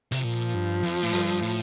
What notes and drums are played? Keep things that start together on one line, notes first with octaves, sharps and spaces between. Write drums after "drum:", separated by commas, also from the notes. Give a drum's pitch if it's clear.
C3, drum: hi-hat
A#2 F3
G2
F2
A2
G2, drum: open hi-hat
A2